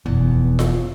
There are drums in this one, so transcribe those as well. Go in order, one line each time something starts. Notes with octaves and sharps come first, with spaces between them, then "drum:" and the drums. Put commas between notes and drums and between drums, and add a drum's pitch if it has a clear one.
F1 E2 B2
drum: snare F4